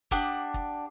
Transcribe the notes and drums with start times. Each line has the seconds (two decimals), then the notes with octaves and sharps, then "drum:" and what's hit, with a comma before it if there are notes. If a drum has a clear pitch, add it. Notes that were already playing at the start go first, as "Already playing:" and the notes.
0.11 D4 G4 F#5 D#6, drum: kick
0.54 drum: kick